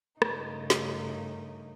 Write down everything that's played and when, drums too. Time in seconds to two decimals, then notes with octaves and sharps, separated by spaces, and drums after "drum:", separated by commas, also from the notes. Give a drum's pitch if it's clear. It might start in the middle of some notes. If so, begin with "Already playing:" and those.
0.22 G2 C#3 A3 A#3 D#4, drum: rim click
0.70 drum: snare